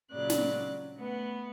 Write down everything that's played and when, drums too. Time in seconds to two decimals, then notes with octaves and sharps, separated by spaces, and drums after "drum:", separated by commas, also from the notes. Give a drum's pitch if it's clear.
0.13 A#2 C#3 F#3 D5 F#6
0.30 drum: snare
0.98 A3 B3 F#5